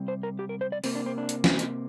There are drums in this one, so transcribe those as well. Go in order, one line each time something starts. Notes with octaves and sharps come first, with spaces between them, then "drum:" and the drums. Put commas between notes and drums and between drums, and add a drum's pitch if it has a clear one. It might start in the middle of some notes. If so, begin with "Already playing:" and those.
Already playing: C3 G3 C4
C5
A#4
G4
A#4
C5
D5
C3 A#3 C4, drum: open hi-hat
D4
C4
D4
drum: hi-hat
drum: snare
drum: hi-hat